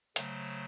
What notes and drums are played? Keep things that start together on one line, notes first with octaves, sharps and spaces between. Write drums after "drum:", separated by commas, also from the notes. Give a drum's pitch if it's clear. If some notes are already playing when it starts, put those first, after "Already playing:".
C#3 F#3 A3 C5, drum: hi-hat